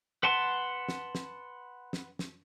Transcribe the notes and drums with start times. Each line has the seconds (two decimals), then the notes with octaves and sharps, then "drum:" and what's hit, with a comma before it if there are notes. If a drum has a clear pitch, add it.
0.23 B4 F#5 A5 C6
0.89 drum: snare
1.15 drum: snare
1.93 drum: snare
2.19 drum: snare